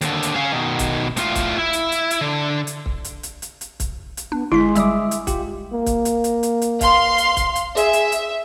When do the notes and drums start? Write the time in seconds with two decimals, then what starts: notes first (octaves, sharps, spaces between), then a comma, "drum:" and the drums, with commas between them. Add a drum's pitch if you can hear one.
0.01 D#2 D3, drum: hi-hat
0.23 drum: hi-hat
0.35 C#4 F5
0.52 B2 D#3
0.79 drum: kick C#1, hi-hat
1.17 A2 F4, drum: hi-hat
1.35 drum: kick C#1, hi-hat
1.58 E4
1.73 drum: hi-hat
1.92 drum: hi-hat
2.11 drum: hi-hat
2.21 D3
2.67 drum: hi-hat
2.86 drum: kick C#1
3.04 drum: hi-hat
3.23 drum: hi-hat
3.42 drum: hi-hat
3.61 drum: hi-hat
3.80 drum: kick C#1, hi-hat
4.17 drum: hi-hat
4.32 B3 D4
4.52 G1 G#3 E4 C6 B6
4.75 G1 G3 E5 D6 D#6, drum: hi-hat
5.11 drum: hi-hat
5.27 F4 G4, drum: kick C#1, hi-hat
5.73 A#3
5.86 drum: kick C#1, hi-hat
6.05 drum: hi-hat
6.24 drum: hi-hat
6.43 drum: hi-hat
6.62 drum: hi-hat
6.81 F5 C6, drum: kick C#1, hi-hat
7.18 drum: hi-hat
7.37 drum: kick C#1, hi-hat
7.56 drum: hi-hat
7.77 G#4 E5, drum: hi-hat
7.93 drum: hi-hat
8.12 drum: hi-hat